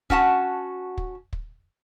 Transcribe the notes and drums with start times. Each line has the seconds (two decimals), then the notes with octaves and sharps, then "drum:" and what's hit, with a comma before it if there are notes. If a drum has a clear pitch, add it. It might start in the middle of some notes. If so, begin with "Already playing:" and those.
0.10 C#4 F#4 F#5 A5, drum: kick
0.98 drum: kick
1.33 drum: kick